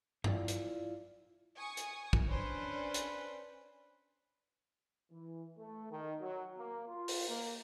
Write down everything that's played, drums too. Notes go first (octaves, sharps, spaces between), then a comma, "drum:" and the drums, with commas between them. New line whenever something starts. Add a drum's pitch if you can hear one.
E4 F4 D5, drum: tom G2
drum: hi-hat
G#5 C#6 D#6
drum: hi-hat
drum: kick
C#4 D4 B4 C5
drum: hi-hat
E3
A3
D#3
F#3
A#3
F4
drum: open hi-hat
A#3